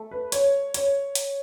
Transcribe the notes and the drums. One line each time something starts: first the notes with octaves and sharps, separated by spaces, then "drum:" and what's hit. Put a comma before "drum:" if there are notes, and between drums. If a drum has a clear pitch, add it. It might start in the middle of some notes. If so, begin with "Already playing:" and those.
Already playing: A3
B4
C#5, drum: hi-hat
C#5, drum: hi-hat
drum: hi-hat